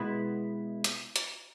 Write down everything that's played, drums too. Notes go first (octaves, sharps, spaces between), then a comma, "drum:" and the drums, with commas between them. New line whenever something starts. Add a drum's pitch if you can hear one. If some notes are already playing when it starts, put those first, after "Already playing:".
Already playing: B2 G#3 B3 E4 B4
drum: hi-hat
drum: hi-hat